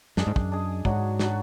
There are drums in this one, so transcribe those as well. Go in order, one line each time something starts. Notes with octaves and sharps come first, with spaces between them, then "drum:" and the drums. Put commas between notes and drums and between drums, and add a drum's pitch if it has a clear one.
F#2 D4 G#4 D#5, drum: snare
G#2
F#2, drum: kick
D4 G#4 D#5
G#2 F#3 D4 F#4, drum: kick
F#3 D4 F#4, drum: snare